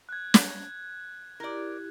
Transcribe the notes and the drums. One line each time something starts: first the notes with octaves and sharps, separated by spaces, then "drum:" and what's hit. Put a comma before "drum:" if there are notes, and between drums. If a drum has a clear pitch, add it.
F#6 G#6
drum: snare
E4 G4 A#4 D5